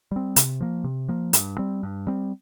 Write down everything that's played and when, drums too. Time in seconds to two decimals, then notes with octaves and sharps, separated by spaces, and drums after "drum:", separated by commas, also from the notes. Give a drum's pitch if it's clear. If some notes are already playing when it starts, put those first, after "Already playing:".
0.11 G3 C4
0.36 C3, drum: hi-hat
0.60 F3 A#3
0.84 C3
1.08 F3 A#3
1.33 G2, drum: hi-hat
1.58 G3 C4
1.83 G2
2.07 G3 C4